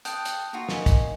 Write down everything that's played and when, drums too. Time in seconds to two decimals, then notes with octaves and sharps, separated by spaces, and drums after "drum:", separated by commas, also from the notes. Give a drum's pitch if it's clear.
0.05 G5 A5 D#6 F#6, drum: hi-hat
0.25 drum: hi-hat
0.53 A#3 D#4 F4 F#4 F#5 A#5
0.69 A#4 D#5 G#5, drum: snare
0.86 drum: kick, hi-hat